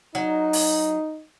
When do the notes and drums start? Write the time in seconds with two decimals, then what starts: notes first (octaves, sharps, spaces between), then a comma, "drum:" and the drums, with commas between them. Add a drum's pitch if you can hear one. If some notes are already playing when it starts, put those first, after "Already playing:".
0.15 F#3 D#4
0.53 drum: open hi-hat